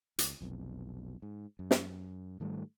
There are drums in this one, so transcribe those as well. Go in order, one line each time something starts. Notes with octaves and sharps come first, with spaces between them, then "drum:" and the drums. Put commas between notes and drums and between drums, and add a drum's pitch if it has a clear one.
C#2, drum: hi-hat
F1 B1 F2
G#2
F#2
drum: snare
G#2 D#3 G3 A3